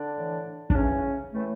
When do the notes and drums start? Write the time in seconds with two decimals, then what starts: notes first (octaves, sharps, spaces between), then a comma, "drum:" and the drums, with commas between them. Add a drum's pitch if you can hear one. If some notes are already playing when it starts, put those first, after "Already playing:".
Already playing: D3 D4
0.16 A2 E3
0.70 D4, drum: kick
0.74 A2 C#3 C#4
0.80 E3
1.33 A2 E3 A3